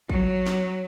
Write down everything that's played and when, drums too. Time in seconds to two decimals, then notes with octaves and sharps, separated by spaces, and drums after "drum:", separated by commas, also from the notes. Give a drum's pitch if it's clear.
0.09 F#3, drum: kick
0.47 drum: snare